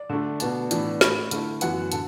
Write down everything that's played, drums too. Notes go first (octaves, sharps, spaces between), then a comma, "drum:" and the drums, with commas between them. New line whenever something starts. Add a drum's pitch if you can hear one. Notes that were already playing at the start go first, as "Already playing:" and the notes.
Already playing: D5
D3 A3 D4
B2 B3 D4 A5, drum: hi-hat
A2 E3 B3 D4, drum: hi-hat
A2 A3 D4 B5, drum: snare
D3 A3 E4, drum: hi-hat
F#2 E3 B3 F#5, drum: hi-hat
D3 A5, drum: hi-hat